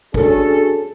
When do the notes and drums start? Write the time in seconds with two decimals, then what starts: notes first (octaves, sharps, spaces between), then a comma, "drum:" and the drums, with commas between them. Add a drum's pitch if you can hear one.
0.14 C#4 D4 F#4 G#4 A4, drum: kick